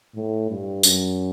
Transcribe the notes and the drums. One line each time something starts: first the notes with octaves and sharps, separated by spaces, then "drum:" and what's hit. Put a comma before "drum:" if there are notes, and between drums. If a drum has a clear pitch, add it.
A2
G2
F#2, drum: tambourine